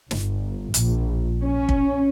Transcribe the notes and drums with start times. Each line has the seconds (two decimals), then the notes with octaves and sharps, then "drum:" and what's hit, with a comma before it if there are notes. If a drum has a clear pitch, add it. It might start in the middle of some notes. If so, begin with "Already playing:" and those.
0.11 G1, drum: snare
0.74 A#1, drum: hi-hat
1.44 C#4
1.69 drum: kick